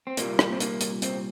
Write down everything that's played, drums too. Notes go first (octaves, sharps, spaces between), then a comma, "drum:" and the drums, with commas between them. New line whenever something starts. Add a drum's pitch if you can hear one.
C4
C2 A#2 G3 A#3, drum: hi-hat
drum: rim click
C4
A#3, drum: hi-hat
drum: hi-hat
C4, drum: hi-hat